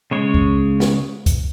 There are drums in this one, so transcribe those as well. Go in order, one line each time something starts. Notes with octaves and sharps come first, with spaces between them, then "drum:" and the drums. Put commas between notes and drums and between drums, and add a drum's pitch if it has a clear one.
C#3 G#3 C#5
drum: kick C#2
drum: snare
drum: kick C#2, hi-hat